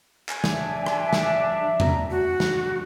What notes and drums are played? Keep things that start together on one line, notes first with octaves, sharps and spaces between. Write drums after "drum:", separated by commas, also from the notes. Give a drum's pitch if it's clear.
G#5, drum: clap
D4 E5, drum: snare
drum: rim click
drum: snare
A#5, drum: tom E2
F#4
drum: snare